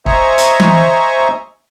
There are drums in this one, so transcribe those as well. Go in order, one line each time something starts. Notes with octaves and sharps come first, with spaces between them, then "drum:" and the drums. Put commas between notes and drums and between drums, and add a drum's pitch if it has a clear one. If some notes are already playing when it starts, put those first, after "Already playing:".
C5 D#5 E5 G#5 A#5 C#6, drum: kick
drum: hi-hat
drum: tom E3